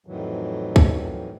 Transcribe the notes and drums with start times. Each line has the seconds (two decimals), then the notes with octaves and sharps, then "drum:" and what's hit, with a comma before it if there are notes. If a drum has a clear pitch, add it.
0.06 F2 A2 D#3 E3 F#3
0.76 drum: kick